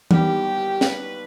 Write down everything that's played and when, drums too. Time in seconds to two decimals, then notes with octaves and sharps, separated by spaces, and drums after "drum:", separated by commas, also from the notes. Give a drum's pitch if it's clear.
0.11 D#2 D#3 G3 B3 G4, drum: tom E3
0.81 B4, drum: snare